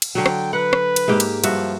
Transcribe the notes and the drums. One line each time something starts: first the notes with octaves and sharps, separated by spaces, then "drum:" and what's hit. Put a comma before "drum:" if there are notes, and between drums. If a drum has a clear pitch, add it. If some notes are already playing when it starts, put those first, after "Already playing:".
drum: cymbal
D3 F#3 G5
drum: rim click
B4 F#5
drum: rim click
drum: cymbal
G#2 A#3 G4
drum: cymbal
G2 F3 F#4 E5, drum: cymbal